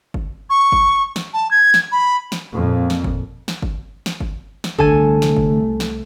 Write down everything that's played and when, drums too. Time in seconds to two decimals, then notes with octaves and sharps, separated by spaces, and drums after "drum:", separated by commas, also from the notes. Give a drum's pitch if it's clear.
0.14 drum: kick G1
0.50 C#6
0.72 drum: kick G1
1.16 drum: snare
1.34 A5
1.51 G#6
1.74 drum: snare
1.92 B5
2.32 drum: snare
2.54 F2 A#2
2.90 drum: snare
3.04 drum: kick G1
3.48 drum: snare
3.62 drum: kick G1
4.06 drum: snare
4.21 drum: kick G1
4.64 drum: snare
4.79 C2 D3 A3 A4 G#5, drum: kick G1
5.22 drum: snare
5.37 drum: kick G1
5.80 drum: snare